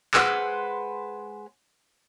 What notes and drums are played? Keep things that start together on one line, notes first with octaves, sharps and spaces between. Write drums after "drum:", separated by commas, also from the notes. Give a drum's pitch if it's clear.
G#3 B4 C5 F#5, drum: clap